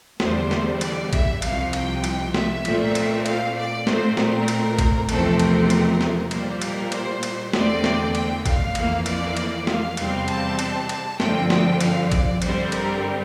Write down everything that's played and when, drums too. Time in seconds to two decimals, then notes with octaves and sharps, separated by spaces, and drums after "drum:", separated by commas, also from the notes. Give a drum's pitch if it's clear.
0.20 E2 D3 G3 C5, drum: snare
0.51 drum: snare
0.81 D5, drum: cymbal
1.13 E5, drum: kick A1, cymbal
1.42 C2 C3 F3 F5, drum: cymbal
1.73 G5, drum: cymbal
2.04 drum: cymbal
2.34 E5, drum: snare
2.65 A#2 A3 C4, drum: cymbal
2.95 drum: cymbal
3.26 F5, drum: cymbal
3.56 D5
3.87 A#2 A3 C4 C5, drum: snare
4.17 A#4, drum: snare
4.48 drum: cymbal
4.79 drum: kick A1, cymbal
5.09 E2 C3 F3 A3 C4 A4, drum: cymbal
5.39 A#4, drum: cymbal
5.70 drum: cymbal
6.01 drum: snare
6.31 A#2 G3 A#3 C5, drum: cymbal
6.62 A#4, drum: cymbal
6.92 C5, drum: cymbal
7.23 drum: cymbal
7.53 E2 D3 A3 C4 D5, drum: snare
7.84 drum: snare
8.15 G5, drum: cymbal
8.46 F5, drum: kick A1, cymbal
8.75 F2 E3 A#3, drum: cymbal
9.06 D5, drum: cymbal
9.37 drum: cymbal
9.67 F5, drum: snare
9.97 E2 C3 G3 C4, drum: cymbal
10.28 A5, drum: cymbal
10.59 drum: cymbal
10.89 A5, drum: cymbal
11.20 G2 D3 F3 C4 G5, drum: snare
11.50 G5, drum: snare
11.80 F5, drum: cymbal
12.12 D5, drum: kick A1, cymbal
12.42 G2 D3 G3 C4 C5, drum: cymbal
12.72 A#4, drum: cymbal